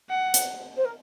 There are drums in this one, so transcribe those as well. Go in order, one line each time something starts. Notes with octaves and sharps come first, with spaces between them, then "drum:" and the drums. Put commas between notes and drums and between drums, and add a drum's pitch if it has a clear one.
F#5
drum: hi-hat
C5
A#4